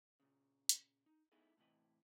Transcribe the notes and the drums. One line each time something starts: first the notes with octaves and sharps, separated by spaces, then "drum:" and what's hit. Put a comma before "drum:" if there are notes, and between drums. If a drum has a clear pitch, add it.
A#2 C#3
drum: hi-hat
D#4
B3 D#4 E4 G#4 A4 D#5
A2 C3 E3 E4 D#5